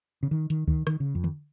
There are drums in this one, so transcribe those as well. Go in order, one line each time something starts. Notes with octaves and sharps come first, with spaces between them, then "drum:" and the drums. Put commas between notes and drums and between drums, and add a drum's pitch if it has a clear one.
C#3
D#3
D#3, drum: hi-hat
D#3, drum: kick C#2
D#3, drum: rim click
C#3
F2
drum: tom D3